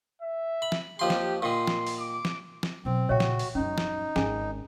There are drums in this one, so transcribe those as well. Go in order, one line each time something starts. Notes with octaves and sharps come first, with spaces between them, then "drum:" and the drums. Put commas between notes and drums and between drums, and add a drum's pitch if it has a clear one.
E5
B5
drum: snare
D#2 F3 G4 C6
drum: snare
A#2 D#3 C6
drum: snare
drum: open hi-hat
D6
drum: snare
drum: snare
B2 F#3 C4
A#2 C#3 F#4 C#5 E5 G5
drum: snare
drum: open hi-hat
F#2 G#3 C#4 D#4
drum: snare
G#1 C#4 G#4 G#5, drum: snare